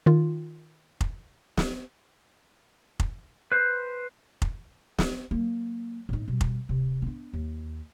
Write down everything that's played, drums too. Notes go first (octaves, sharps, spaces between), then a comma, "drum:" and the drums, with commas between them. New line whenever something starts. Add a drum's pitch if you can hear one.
D#3 F4
drum: kick F1
drum: snare
drum: kick F1
B4 C5
drum: kick F1
drum: snare
F#3 A#3
A2 D#4
B2 G3
drum: kick F1
D1 C3
B3 D4
D#2